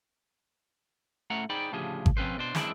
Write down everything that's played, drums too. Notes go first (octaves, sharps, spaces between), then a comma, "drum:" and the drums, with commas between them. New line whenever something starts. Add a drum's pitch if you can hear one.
A2 A3 C#4 F#5 A#5
D#4 G#4 C5 D5 G5 B5
D2 A2 C#3 F3 G4 G#4
drum: kick G#1
F3 C4 C#4 B4 C5
B2 D4 C5
F#2 E3 G#3 C4 D4 E4, drum: snare